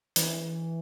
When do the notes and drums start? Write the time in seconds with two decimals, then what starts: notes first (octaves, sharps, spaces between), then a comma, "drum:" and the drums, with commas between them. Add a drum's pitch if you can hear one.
0.16 E3, drum: hi-hat